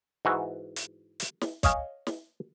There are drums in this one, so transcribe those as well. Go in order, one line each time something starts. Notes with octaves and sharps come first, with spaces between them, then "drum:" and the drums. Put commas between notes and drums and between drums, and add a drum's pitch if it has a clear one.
G#2 E3 F#4
drum: hi-hat
drum: hi-hat
drum: snare
C#5 D#5 F5 G#5, drum: kick, hi-hat
drum: snare